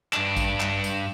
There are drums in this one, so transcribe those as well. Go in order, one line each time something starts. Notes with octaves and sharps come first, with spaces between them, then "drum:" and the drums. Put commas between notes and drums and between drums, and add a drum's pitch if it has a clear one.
G2 D4, drum: clap
drum: kick, tambourine
drum: clap
drum: tambourine